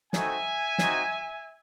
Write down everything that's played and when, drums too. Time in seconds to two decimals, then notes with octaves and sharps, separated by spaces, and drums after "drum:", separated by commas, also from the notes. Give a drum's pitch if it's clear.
0.13 A3 C4 D#4 F#4 E5 G#5, drum: snare
0.78 C4 D#4 F#4, drum: snare